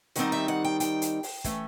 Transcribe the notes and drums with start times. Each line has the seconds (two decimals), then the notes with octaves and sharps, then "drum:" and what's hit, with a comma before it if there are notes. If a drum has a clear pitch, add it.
0.16 D#3 G3 C4 D#4 F#5, drum: hi-hat
0.32 E5
0.48 F#5
0.64 G5
0.80 G5, drum: hi-hat
1.02 drum: hi-hat
1.23 drum: open hi-hat
1.44 E3 A3 C#4, drum: kick, hi-hat